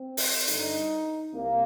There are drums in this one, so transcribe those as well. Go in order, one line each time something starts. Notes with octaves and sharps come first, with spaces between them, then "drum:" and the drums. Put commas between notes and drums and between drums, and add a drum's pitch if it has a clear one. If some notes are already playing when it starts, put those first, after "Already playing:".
Already playing: C4
drum: open hi-hat
G2 D3 D#4, drum: hi-hat
C2 A#3